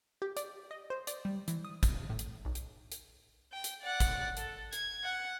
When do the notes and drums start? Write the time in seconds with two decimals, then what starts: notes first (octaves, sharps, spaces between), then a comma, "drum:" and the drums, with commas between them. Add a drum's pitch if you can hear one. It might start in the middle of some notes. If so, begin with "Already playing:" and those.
0.22 G4
0.37 D5, drum: hi-hat
0.71 D#5
0.90 C5
1.07 D5, drum: hi-hat
1.25 G3
1.48 E3, drum: hi-hat
1.65 D#6
1.83 drum: kick, hi-hat
2.10 A2
2.19 drum: hi-hat
2.45 B1
2.55 drum: hi-hat
2.92 drum: hi-hat
3.52 G5
3.64 drum: hi-hat
3.83 D5 F#5
4.00 drum: kick, hi-hat
4.37 A4, drum: hi-hat
4.73 G#6, drum: hi-hat
5.04 F#5